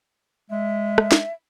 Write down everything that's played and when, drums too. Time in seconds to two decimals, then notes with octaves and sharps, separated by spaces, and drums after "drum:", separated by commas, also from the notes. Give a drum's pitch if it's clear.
0.50 G#3 E5
0.98 drum: rim click
1.12 drum: snare